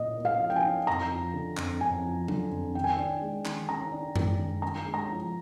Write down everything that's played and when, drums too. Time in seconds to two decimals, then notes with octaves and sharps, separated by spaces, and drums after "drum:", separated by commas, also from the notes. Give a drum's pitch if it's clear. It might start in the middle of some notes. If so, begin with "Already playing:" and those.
Already playing: A#2 D#5
0.17 A#3
0.25 F5
0.40 F3
0.50 G5
0.56 G#5
0.64 D#4
0.87 F2 A#5
1.11 F3
1.34 D3
1.57 F2, drum: clap
1.81 F2 G#5
2.04 F3
2.28 D3, drum: tom F#3
2.51 F2
2.75 D#3 G5
2.84 G#5
2.94 D4 G5
3.22 G#3
3.45 D#3, drum: clap
3.69 D#3 A#5
3.92 D4
4.16 G#3, drum: tom F#2
4.39 D#3
4.62 G2 A#5
4.86 G#3
4.94 A#5
5.10 F3